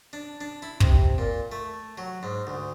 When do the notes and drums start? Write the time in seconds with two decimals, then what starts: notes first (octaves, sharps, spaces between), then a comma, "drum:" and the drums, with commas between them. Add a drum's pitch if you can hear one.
0.13 D4
0.41 D4
0.62 E4
0.80 C3, drum: kick
1.18 A#2
1.52 A3
1.98 F#3
2.23 G#2
2.47 D2